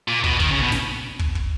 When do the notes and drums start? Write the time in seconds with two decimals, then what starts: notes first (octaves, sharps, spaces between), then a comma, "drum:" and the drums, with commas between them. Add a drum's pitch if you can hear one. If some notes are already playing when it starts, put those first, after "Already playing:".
0.08 A#2
0.24 B2, drum: kick
0.40 D#3, drum: kick
0.51 C#3
0.62 B2
0.72 drum: snare
1.19 drum: kick
1.35 drum: kick